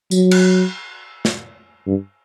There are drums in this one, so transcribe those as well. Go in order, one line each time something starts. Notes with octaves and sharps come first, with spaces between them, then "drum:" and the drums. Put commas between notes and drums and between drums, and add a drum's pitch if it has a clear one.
F#3, drum: tambourine
drum: cymbal
drum: snare
G2